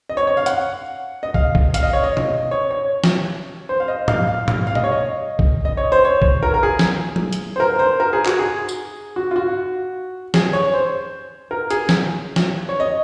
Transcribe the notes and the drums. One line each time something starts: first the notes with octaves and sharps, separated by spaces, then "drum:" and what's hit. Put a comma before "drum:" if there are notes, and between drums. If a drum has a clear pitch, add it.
D#5
C#5
C#5
F5
F#5, drum: hi-hat
D#5
F5, drum: kick
drum: kick
F5, drum: hi-hat
D#5
C#5
D#5
drum: tom B2
C#5
C#5
drum: snare
C5
F5
D#5
F5, drum: tom G#2
F5
F5, drum: tom G#2
F5
D#5, drum: tom B2
C#5
D#5
drum: kick
D#5
C#5
C5
C#5
drum: kick
A#4
A#4
G#4
drum: snare
drum: tom F#3
drum: hi-hat
C5
A#4
C5
A#4
G#4
F#4, drum: clap
G#4
drum: tambourine
F#4
F4
F#4
G#4, drum: snare
C#5
C5
A#4
G#4, drum: hi-hat
drum: snare
drum: snare
C#5
D#5